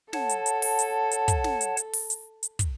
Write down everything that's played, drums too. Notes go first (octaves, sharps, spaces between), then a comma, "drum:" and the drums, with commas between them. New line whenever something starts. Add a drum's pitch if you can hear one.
A4 C#5 F#5 A5, drum: snare
drum: hi-hat
drum: hi-hat
drum: open hi-hat
drum: hi-hat
drum: hi-hat
drum: kick, hi-hat
drum: snare
drum: hi-hat
drum: hi-hat
drum: open hi-hat
drum: hi-hat
drum: hi-hat
drum: kick, hi-hat